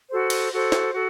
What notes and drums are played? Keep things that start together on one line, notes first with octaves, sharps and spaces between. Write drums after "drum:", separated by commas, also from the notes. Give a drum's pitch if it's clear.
F#4 A4 C5
drum: cymbal
F#4 A4 C5
drum: snare
F#4 A4